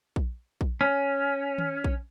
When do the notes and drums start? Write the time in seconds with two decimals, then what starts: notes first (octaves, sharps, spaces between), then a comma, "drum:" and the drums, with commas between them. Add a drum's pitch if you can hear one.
0.16 drum: kick A#1
0.61 drum: kick A#1
0.81 C#4
1.58 drum: tom D#3
1.84 drum: kick A#1